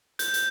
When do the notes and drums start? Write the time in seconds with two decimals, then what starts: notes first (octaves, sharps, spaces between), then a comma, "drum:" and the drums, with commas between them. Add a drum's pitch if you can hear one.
0.19 G6, drum: hi-hat
0.34 drum: hi-hat